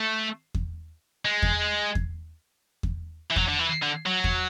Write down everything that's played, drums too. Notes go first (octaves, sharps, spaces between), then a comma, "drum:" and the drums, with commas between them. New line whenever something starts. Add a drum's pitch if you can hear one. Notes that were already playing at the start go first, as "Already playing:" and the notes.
Already playing: A3
drum: kick E2
G#3
drum: kick E2
drum: kick E2
drum: kick E2
E3
F#3, drum: kick E2
D3
E3
D3
F#3
drum: kick E2